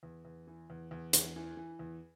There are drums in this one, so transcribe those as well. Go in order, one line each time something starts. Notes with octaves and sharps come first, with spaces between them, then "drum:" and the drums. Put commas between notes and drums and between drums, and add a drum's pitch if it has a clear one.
E2
E2
E3
E2
E2
E2, drum: hi-hat
E3
E3
E2